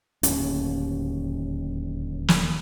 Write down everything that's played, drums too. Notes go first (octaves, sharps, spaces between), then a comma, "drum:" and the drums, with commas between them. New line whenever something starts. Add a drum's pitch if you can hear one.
D1 D#2 G3 C#4, drum: hi-hat
drum: snare